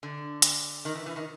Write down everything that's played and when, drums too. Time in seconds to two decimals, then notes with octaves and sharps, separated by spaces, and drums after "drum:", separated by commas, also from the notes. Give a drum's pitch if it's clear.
0.03 D3
0.42 drum: hi-hat
0.85 D#3
0.95 E3
1.06 E3
1.16 D#3